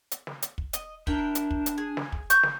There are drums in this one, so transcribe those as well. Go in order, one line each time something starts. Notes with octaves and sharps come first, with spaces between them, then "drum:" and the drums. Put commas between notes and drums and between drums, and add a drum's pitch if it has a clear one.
drum: hi-hat
drum: snare
drum: hi-hat
drum: kick
D#5, drum: hi-hat
D4 E4 A#4 G5, drum: kick
drum: hi-hat
drum: kick
drum: hi-hat
G#4
drum: snare
drum: kick
C5 C#6 G6, drum: hi-hat
drum: snare